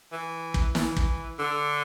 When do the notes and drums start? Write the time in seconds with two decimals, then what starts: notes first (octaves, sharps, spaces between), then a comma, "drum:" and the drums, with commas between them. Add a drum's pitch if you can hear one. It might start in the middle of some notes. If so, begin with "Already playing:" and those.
0.12 E3
0.54 drum: kick
0.75 E3, drum: snare
0.97 drum: kick
1.39 D3